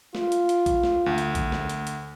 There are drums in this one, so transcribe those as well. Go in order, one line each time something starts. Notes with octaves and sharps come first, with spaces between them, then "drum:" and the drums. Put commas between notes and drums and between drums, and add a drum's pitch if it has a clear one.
F4, drum: snare
drum: hi-hat
drum: hi-hat
drum: kick A#1, hi-hat
drum: snare
D2
drum: hi-hat
drum: kick A#1, hi-hat
drum: snare
drum: hi-hat
drum: hi-hat